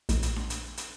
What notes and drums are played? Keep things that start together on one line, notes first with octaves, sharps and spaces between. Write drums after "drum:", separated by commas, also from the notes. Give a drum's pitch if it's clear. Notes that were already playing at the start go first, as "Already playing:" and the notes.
A#1, drum: hi-hat
drum: hi-hat
drum: snare D4
drum: hi-hat
drum: hi-hat